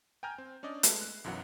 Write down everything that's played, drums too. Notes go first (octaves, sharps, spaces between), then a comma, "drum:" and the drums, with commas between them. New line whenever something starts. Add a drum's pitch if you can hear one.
G5 G#5 A#5 F6 G6
C4
C#4 D4 D5 D#5
G#3 A3 B4 C7, drum: hi-hat
F#6
B1 F#2 E3 F#3 F#5